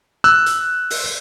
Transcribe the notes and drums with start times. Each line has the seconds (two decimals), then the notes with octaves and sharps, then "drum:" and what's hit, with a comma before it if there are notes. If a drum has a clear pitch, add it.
0.24 E6 F#6
0.46 drum: hi-hat
0.90 drum: open hi-hat